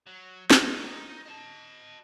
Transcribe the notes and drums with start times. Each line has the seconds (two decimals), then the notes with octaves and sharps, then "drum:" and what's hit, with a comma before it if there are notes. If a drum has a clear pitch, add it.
0.06 F#3
0.50 D#4, drum: snare
1.25 D#5 A5